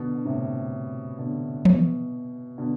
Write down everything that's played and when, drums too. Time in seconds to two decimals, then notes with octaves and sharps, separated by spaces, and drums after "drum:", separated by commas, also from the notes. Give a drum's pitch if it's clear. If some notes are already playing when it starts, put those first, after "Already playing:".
Already playing: B2 D3
0.15 D3
0.25 A2 C3
1.18 B2 D3
1.65 B2, drum: tom E3
2.58 B2 D3